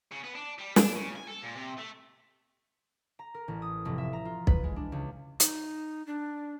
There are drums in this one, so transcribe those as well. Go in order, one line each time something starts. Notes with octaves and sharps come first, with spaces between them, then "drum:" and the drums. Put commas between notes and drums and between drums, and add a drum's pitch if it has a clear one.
C#3
B3
D4
G3
D4, drum: snare
C#3
G#5
A4
A#2
C3
A3
A#5
A#4
A1
D#6
F1
E5
A#5
F4
B4, drum: kick
G#3
D4
C#2
D#4, drum: hi-hat
D4